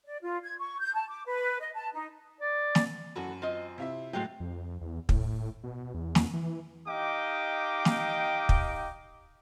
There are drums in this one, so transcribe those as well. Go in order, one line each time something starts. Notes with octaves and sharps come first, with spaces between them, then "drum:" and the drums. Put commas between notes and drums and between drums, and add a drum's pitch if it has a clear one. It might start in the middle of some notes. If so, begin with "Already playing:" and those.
D5
F4
G#6
C#6
G6
A5
D6
B4
D#5
A5
D#4
D5
drum: snare
F#2 E3 F#4 A4
C4 F4 D#5
C3 E4 E5
A2 F#3 G#3 F5 G5
F2
E2
A2, drum: kick
B2
E2
drum: snare
E3
D#4 G4 D#5 F5 G5 D6
drum: snare
drum: kick